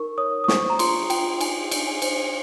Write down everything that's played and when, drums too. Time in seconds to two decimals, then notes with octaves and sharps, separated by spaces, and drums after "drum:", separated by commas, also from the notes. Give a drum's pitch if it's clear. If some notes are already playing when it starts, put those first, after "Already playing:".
Already playing: D#4 A#4 C#6
0.18 C#5 D#6
0.44 D#6
0.48 C5 C#6, drum: snare
0.70 A#5
0.79 F4 C6, drum: cymbal
1.10 F4 G5, drum: cymbal
1.41 D#4 G#5, drum: cymbal
1.71 D#4, drum: cymbal
1.87 G#5
2.02 C5, drum: cymbal